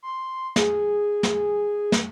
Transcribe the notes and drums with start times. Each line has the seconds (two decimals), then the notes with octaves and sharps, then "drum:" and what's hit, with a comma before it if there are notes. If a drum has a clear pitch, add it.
0.03 C6
0.56 G#4, drum: snare
1.23 drum: snare
1.92 drum: snare